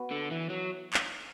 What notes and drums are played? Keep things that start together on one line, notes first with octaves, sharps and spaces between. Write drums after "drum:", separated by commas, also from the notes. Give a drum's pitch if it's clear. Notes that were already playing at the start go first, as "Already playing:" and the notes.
Already playing: B3 F#4 B4
D3
E3
F#3
drum: clap